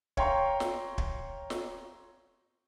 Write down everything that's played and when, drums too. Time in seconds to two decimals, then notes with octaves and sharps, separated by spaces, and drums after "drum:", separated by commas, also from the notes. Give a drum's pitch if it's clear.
0.17 C#5 F5 G5 A#5 C6 C#6, drum: kick
0.60 drum: snare
0.98 drum: kick
1.50 drum: snare